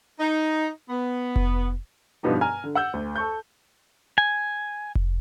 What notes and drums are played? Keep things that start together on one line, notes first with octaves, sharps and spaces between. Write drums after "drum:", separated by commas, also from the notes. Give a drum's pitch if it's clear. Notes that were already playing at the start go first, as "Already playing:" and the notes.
D#4
B3
drum: kick F1
G2 B2 F3 B3 D#4 G4
G#5 A#5 F6
D3
F#5 E6 G6
D2
A4 C#6 G6
G#5
drum: kick F1